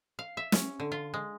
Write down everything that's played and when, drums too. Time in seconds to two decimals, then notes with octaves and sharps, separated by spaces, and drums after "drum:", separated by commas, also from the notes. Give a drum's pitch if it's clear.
0.19 F5
0.37 E5
0.52 C#4, drum: snare
0.80 D3
0.92 F4
1.14 G#3